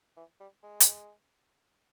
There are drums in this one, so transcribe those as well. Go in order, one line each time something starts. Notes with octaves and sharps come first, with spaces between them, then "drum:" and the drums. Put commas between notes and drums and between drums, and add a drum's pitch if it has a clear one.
E3
G3
G#3
drum: hi-hat